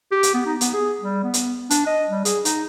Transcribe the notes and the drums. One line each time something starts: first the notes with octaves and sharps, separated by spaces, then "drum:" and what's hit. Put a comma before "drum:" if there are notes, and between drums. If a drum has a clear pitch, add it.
G4
drum: hi-hat
B3
D#4
B3, drum: hi-hat
G#4
G3
B3
drum: hi-hat
D4, drum: hi-hat
D#5
G3
G#4, drum: hi-hat
D#4, drum: hi-hat